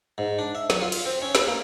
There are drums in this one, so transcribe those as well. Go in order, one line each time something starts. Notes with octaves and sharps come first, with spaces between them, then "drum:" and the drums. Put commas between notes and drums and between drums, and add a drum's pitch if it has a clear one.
G#2
D4
E5
F#3, drum: snare
F4
drum: cymbal
C4
C#4
B5, drum: snare
A#3